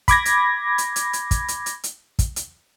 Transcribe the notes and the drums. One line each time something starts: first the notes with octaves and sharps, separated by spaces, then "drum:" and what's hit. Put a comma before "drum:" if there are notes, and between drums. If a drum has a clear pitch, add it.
B5 D6 G#6 A#6, drum: kick, hi-hat
drum: hi-hat
drum: hi-hat
drum: hi-hat
drum: hi-hat
drum: kick, hi-hat
drum: hi-hat
drum: hi-hat
drum: hi-hat
drum: kick, hi-hat
drum: hi-hat